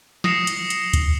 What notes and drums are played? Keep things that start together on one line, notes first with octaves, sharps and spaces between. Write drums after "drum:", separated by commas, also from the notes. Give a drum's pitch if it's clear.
D#6 A#6 C7 C#7 E7 F7, drum: snare
drum: hi-hat
drum: hi-hat
drum: kick, hi-hat